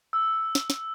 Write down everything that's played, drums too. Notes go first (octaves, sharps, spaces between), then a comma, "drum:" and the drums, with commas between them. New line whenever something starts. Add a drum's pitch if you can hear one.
E6
drum: snare
drum: snare